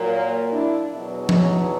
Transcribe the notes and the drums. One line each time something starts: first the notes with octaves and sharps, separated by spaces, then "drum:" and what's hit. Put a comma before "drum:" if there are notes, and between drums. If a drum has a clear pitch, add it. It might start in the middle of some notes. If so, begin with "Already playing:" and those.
Already playing: A#2 F#3 A#3
D4 E4
E2 B2 F#3
C#4 D#4, drum: tom F3